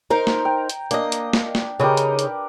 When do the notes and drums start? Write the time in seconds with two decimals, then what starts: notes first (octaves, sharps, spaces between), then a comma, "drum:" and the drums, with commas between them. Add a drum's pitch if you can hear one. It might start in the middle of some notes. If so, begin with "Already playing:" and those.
0.10 D#4 A#4 C5 A#5
0.27 drum: snare
0.45 G5
0.69 drum: hi-hat
0.91 A#3 D4 D#5, drum: hi-hat
1.12 drum: hi-hat
1.33 drum: snare
1.55 drum: snare
1.80 C#3 D#4 G4 A#4 B4
1.97 drum: hi-hat
2.19 drum: hi-hat